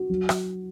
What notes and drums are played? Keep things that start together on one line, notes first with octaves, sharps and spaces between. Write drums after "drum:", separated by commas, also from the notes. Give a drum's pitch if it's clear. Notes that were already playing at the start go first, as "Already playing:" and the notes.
Already playing: F#4
F#3
drum: rim click